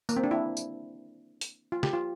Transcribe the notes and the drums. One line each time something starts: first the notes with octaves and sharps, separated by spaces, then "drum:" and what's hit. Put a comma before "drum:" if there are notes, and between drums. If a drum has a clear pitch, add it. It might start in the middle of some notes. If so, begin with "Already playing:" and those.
A#3, drum: tambourine
C4
D4
E4
drum: tambourine
drum: open hi-hat
F4
G4, drum: snare
F4